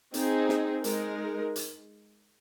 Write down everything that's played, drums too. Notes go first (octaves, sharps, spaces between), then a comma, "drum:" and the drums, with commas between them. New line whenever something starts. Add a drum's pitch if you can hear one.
C4 D#4 G#4, drum: hi-hat
drum: snare
G#3 D#4 A#4, drum: hi-hat
drum: hi-hat